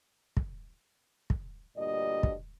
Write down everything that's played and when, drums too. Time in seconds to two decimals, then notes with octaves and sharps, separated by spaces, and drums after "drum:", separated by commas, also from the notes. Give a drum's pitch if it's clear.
0.37 drum: kick
1.30 drum: kick
1.77 D2 G2 A#2 G4 D5 D#5
2.23 drum: kick